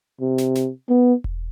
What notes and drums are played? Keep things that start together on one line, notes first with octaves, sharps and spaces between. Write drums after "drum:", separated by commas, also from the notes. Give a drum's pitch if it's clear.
C3
drum: snare
drum: snare
B3
drum: kick E1